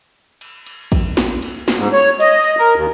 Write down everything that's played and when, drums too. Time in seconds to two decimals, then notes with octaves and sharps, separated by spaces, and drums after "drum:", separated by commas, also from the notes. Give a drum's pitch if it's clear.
0.41 drum: cymbal
0.66 drum: cymbal
0.92 drum: kick, cymbal
1.17 drum: snare
1.42 drum: cymbal
1.68 drum: snare
1.78 G#2
1.93 C#5
2.20 D#5, drum: cymbal
2.44 drum: cymbal
2.59 A#4
2.76 D#2